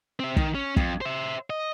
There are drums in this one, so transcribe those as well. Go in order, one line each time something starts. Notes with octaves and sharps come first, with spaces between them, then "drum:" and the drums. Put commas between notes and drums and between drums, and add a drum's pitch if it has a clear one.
C4 E5
D#3, drum: kick
C#4
F2, drum: kick
C5 E5
D#5